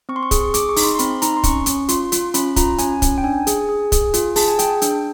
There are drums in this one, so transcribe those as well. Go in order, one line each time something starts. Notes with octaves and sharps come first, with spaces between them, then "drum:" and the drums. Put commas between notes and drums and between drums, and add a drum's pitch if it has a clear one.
C4 C#6
C6
C#6
G#4, drum: kick, hi-hat
G#4 D6, drum: hi-hat
C#6
D#4, drum: open hi-hat
C6
C6
C4 B5, drum: hi-hat
D#4 A#5, drum: hi-hat
C6
C#4 C#6, drum: kick, hi-hat
C#4, drum: hi-hat
F4 C6, drum: hi-hat
F4, drum: hi-hat
C#4 B5, drum: hi-hat
F4 A#5, drum: kick, hi-hat
C#4 G#5, drum: hi-hat
C#4, drum: kick, hi-hat
G5
D4 G#5
G#4, drum: hi-hat
G#4
G#4, drum: kick, hi-hat
F4, drum: hi-hat
G#4 A5, drum: open hi-hat
G#5
G#4 G5, drum: hi-hat
D4, drum: hi-hat